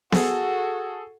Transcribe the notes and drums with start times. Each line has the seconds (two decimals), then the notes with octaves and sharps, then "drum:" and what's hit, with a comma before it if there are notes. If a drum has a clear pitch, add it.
0.12 F#4 G#4 A4, drum: snare B3